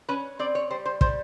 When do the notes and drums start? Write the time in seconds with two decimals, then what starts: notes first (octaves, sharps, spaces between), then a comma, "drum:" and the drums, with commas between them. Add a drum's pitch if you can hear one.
0.09 C#4 B4
0.39 C4 D5
0.55 C#5
0.70 G3 C5
0.86 C5
1.01 G3 C5, drum: kick